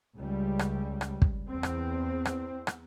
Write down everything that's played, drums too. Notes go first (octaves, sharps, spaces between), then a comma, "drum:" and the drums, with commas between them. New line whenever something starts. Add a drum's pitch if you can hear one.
C#2 G3
drum: rim click
drum: rim click
drum: kick
E2 C4
drum: rim click
drum: rim click
drum: rim click